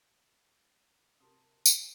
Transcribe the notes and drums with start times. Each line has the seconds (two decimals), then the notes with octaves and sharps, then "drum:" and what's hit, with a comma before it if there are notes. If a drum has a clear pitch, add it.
1.20 C3 F#4 A#4 A5 C6 D#6
1.66 B4 G#5 D#6, drum: tambourine